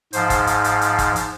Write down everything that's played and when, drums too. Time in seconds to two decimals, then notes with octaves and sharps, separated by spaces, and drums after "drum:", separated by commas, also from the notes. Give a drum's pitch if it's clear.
0.13 G#2 F3 C5, drum: hi-hat
0.30 drum: kick, hi-hat
0.47 drum: hi-hat
0.64 drum: hi-hat
0.81 drum: hi-hat
0.98 drum: kick, hi-hat
1.16 drum: hi-hat